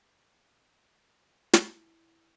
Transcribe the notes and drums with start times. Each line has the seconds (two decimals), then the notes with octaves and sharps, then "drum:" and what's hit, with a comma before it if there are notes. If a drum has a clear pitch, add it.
1.53 E4, drum: snare